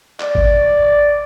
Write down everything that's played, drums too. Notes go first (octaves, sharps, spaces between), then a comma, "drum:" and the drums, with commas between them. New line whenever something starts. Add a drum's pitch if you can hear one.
D5, drum: clap
drum: kick G#1